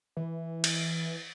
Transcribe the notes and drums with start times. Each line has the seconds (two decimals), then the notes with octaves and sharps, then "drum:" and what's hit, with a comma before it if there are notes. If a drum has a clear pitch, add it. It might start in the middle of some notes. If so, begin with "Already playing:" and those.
0.17 E3
0.64 drum: cymbal